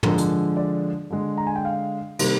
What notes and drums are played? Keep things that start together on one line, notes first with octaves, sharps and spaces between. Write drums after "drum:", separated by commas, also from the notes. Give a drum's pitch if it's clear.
D3 F3 G#3 A#4, drum: tom
drum: hi-hat
D5
D3 G#3
A#5
G#5
G5
F5
C3 D#3 G3 A#3, drum: cymbal